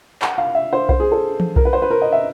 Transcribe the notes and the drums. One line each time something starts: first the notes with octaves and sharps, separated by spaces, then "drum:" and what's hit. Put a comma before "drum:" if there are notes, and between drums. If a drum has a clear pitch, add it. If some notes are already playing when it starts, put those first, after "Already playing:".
F#5, drum: clap
F5
E5
C5
C5, drum: kick B1
G#4
A4
drum: tom E3
A#4, drum: kick B1
B4
C5
B4
A#4
D#5
E5